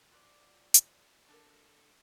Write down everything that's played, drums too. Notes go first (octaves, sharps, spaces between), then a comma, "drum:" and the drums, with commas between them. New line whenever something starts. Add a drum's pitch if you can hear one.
F4 F#4 C5 D5
drum: hi-hat
D4 A4 A#4